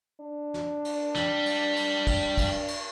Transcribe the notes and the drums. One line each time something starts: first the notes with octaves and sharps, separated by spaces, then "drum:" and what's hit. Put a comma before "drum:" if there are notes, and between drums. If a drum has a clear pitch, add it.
D4
drum: snare
drum: cymbal
G3, drum: snare
drum: cymbal
drum: cymbal
drum: kick, cymbal
drum: kick, cymbal
drum: cymbal